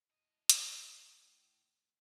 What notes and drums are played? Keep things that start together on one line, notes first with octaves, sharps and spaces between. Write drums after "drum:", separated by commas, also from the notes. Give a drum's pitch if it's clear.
A2 D#5
drum: hi-hat